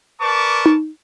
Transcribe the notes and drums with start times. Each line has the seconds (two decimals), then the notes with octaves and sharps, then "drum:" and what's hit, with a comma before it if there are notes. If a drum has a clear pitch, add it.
0.21 A#4 B4 D5 A5 C#6 D6
0.66 drum: tom D#4